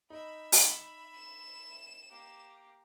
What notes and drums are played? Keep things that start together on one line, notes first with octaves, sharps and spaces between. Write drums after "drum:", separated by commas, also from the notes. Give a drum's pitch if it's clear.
D#4 E5 B5
drum: open hi-hat
E7
A#3 G4